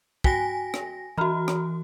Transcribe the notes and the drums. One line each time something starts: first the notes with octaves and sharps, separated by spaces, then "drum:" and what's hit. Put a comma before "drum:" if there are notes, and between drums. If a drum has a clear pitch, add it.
F#4 G5 G#5 A#6 B6, drum: kick
drum: rim click
E3 F#4 A#5 B5 F6
drum: rim click